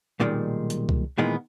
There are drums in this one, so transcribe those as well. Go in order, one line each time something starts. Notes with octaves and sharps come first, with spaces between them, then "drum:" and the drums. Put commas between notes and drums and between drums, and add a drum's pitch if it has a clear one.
B1 A#2 D#3 G3 G#3
drum: hi-hat
drum: kick C2
A#2 D#3 E3 G#3 B3